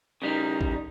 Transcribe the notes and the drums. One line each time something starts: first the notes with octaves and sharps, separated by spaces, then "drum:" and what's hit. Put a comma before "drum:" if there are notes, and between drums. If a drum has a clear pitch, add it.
C#3 G3 D#4
drum: kick